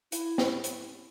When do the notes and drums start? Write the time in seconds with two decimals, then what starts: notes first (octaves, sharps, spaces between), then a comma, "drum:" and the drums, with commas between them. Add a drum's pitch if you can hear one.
0.12 E4, drum: hi-hat
0.38 drum: snare
0.64 drum: hi-hat